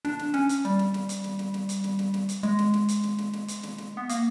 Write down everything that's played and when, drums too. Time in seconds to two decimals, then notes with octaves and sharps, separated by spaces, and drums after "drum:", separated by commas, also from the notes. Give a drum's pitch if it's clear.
0.05 D4, drum: snare
0.19 drum: snare
0.34 C#4, drum: snare
0.49 drum: hi-hat
0.65 G3, drum: snare
0.79 drum: snare
0.94 drum: snare
1.09 drum: hi-hat
1.24 drum: snare
1.39 drum: snare
1.54 drum: snare
1.69 drum: hi-hat
1.84 drum: snare
1.99 drum: snare
2.14 drum: snare
2.29 drum: hi-hat
2.43 G#3, drum: snare
2.59 drum: snare
2.74 drum: snare
2.89 drum: hi-hat
3.03 drum: snare
3.18 drum: snare
3.33 drum: snare
3.48 drum: hi-hat
3.63 drum: snare
3.78 drum: snare
3.97 B3
4.09 A#3, drum: hi-hat